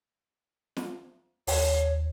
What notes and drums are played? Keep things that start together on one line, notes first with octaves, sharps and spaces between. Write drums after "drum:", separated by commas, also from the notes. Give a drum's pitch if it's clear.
drum: snare
D#2 C#5, drum: open hi-hat